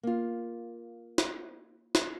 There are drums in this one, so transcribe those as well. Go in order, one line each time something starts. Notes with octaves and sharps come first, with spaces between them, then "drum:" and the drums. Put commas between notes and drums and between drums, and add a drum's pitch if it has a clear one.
A#3 F4
drum: snare
drum: snare